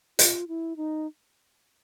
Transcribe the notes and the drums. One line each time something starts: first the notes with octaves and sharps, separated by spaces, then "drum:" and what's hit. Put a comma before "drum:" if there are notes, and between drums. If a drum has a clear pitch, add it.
F4, drum: hi-hat
E4
D#4